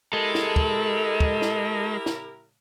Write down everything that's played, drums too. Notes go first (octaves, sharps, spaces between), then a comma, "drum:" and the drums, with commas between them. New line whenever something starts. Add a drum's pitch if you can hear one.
G#3 E4 G4 A4 A#4
drum: snare
drum: kick
drum: kick
drum: snare
drum: snare